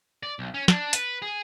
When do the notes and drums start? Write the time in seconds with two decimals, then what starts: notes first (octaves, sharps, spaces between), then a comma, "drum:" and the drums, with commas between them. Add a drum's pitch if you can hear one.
0.23 D5
0.39 B1
0.54 C#4
0.68 D4, drum: snare
0.93 B4, drum: hi-hat
1.22 G#4